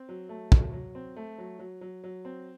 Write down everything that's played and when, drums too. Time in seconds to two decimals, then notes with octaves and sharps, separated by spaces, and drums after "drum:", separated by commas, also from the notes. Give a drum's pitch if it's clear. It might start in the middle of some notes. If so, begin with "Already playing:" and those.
Already playing: C4
0.09 F#3
0.29 A3
0.52 F#3, drum: kick
0.73 F#3
0.95 C4
1.16 A3
1.38 F#3
1.59 F#3
1.81 F#3
2.04 F#3
2.25 C4